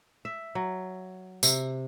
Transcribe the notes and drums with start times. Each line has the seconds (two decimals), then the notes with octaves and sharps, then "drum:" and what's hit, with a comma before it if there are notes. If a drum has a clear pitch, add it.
0.25 E5
0.55 F#3
1.43 C3, drum: tambourine